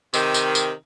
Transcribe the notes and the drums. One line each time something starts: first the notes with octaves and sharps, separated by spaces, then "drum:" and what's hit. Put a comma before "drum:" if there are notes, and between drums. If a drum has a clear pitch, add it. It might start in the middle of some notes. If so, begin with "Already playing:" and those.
C3 D#3, drum: tambourine
drum: tambourine
drum: tambourine